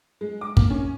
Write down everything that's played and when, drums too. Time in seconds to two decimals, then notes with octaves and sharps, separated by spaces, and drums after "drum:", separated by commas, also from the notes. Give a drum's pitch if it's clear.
0.21 G#3
0.41 D6
0.57 A#3, drum: kick
0.70 C#4